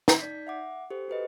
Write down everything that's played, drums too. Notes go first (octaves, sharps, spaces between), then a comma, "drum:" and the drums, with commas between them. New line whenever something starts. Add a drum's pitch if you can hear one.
drum: snare
D#4 D5 G6 B6
E5 F#5 D6
G4 A4 C5
F#4 A4 B4 D#5